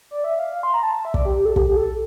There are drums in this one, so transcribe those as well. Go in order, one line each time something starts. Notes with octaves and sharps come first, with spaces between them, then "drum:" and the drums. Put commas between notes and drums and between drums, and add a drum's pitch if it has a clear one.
D5
E5
F5
F5
C6
A#5
A5
A5
E5
D5, drum: kick
G4
G4
A4
G4, drum: kick
G4
A4